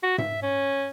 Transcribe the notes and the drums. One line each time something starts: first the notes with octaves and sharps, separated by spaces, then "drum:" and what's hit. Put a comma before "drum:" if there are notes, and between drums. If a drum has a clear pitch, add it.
F#4
E5, drum: tom G#2
C#4